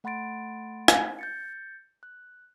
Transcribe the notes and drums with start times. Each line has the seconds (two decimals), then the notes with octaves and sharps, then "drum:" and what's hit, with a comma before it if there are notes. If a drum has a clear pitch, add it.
0.04 A3 F#5 B5 C6 A6 D7
0.88 drum: rim click
1.19 G6 A6 C#7
2.03 F#6